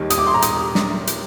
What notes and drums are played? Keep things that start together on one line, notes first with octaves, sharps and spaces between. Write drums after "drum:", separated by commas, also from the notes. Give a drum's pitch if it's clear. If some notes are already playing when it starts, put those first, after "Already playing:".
Already playing: D#2 D#3 G3
D#6, drum: hi-hat
D6
C6
A#5
D#6, drum: hi-hat
drum: snare
drum: hi-hat